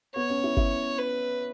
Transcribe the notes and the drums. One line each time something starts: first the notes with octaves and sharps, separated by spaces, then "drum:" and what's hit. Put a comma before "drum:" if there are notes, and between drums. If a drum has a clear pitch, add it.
B3 C#5
C#4
E4
E4, drum: kick G#1
B4